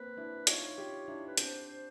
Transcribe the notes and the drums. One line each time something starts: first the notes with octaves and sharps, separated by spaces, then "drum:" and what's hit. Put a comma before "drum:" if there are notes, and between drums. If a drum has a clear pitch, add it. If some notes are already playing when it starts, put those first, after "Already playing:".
Already playing: A#3 C4 B4
D4 E4
D#4 F4 C#5, drum: hi-hat
F4 G4
D4 E4
B4
C4 D4 C5, drum: hi-hat
C5